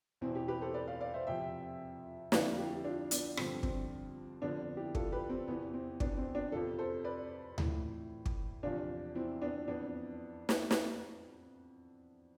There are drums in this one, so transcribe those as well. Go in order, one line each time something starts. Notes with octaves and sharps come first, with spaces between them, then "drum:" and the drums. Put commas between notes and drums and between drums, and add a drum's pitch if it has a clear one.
E2 B2 C4 E4
E4 G4
G4 B4
A4 C5
B4 D5
D5 F5
D5 F5
C5 E5
F2 C3 F3 E5 G5
F2 D3 F3 D5 F5, drum: snare
E4 G4
D4 F4
B3 D4, drum: hi-hat
G2 D3 F3 C4, drum: rim click
C4, drum: kick
F2 D3 F3 B3 D4
E4 G4
F4 A4, drum: kick
G4 B4
C4
E2 C3 E3 B3
C4
B3 D4, drum: kick
C4
B3 D4
F2 C3 F3 F4 A4
A4 C5
B4 D5
A2 E3, drum: tom D2
drum: kick
E2 C3 F3 D4 F4
C4 E4
B3 D4
F2 E3 B3 D4
drum: snare
drum: snare